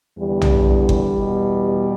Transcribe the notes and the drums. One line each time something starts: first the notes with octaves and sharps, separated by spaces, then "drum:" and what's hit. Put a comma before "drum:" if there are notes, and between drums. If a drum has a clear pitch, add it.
E2 D3 G3
drum: tom B1
drum: kick G1
E2 B2